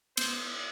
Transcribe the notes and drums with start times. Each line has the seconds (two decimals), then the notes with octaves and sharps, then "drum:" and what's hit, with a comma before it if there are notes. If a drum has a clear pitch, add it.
0.17 B3 C5, drum: cymbal